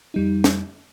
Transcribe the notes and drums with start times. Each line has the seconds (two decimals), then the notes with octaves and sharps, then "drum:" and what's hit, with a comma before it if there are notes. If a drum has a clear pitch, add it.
0.14 F2 G3 D#4
0.44 drum: snare